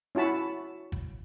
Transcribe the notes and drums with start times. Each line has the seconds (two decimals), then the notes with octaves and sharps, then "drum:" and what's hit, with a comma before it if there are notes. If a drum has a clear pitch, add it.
0.15 C#4 E4 F#4 A5 B5
0.92 drum: kick, hi-hat